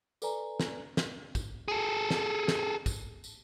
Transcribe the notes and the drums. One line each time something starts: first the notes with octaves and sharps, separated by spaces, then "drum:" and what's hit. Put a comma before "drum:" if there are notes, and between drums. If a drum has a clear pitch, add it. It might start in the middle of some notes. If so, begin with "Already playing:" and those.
A4 B4 D5 G#5 A#5, drum: tambourine
drum: snare
drum: snare
drum: kick, tambourine
G#4 A4
drum: snare
drum: snare
drum: kick, tambourine
drum: tambourine